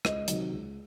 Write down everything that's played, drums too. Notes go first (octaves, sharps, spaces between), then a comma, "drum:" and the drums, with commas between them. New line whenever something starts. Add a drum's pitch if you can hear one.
C#2 D#5, drum: rim click
C3 D#3 F#3, drum: hi-hat
C#2